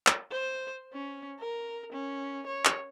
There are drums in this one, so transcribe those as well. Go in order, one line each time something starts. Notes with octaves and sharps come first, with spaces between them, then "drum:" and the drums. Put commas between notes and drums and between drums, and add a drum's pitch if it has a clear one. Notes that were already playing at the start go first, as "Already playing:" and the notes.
drum: clap
C5
C#4
A#4
C#4
C#5
drum: clap